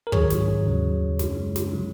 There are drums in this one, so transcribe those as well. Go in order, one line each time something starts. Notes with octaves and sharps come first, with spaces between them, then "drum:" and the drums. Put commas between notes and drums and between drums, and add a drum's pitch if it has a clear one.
A#4
G#2 D#3 F#3 G#4 C#5, drum: kick
drum: snare
D#2 C#3 F#3
F#2 C#3 G#3, drum: snare
drum: snare
C#3 F#3